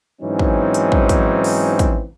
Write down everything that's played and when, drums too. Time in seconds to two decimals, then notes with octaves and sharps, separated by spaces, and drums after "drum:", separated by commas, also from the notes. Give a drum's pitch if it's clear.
0.22 G#2 E3 F#3 C4 C#4 D#4
0.39 drum: kick
0.74 drum: hi-hat
0.92 drum: kick
1.09 drum: kick, hi-hat
1.44 drum: open hi-hat
1.79 drum: kick, hi-hat